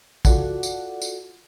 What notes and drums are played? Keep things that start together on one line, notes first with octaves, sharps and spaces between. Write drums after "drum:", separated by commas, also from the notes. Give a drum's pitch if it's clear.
F4 F#4 A4 D5 F#5, drum: kick, tambourine
drum: tambourine
drum: tambourine